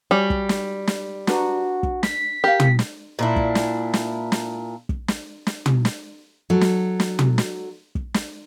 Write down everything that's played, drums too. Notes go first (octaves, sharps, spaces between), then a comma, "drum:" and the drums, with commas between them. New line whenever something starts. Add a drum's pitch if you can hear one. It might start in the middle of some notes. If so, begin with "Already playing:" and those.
G3 F#4 C#5 G#5
drum: kick
drum: snare
drum: snare
D4 F#4 B4 A#5, drum: snare
drum: kick
B6, drum: snare
G4 A#4 F5
drum: tom
drum: snare
A#2 D4 E4
drum: kick
drum: snare
drum: snare
drum: snare
drum: kick
drum: snare
drum: snare
drum: tom
drum: snare
F#3 A4
drum: snare
drum: snare
drum: tom
drum: snare
drum: kick
drum: snare